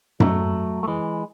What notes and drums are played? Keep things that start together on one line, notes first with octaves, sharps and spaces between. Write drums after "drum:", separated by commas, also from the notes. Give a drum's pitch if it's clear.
F#3 A3, drum: tom F#2
A3
E3 G#3